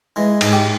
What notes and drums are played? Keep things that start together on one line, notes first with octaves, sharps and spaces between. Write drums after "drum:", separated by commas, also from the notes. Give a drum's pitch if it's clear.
E3 G#3
G#2 G#4, drum: cymbal
G4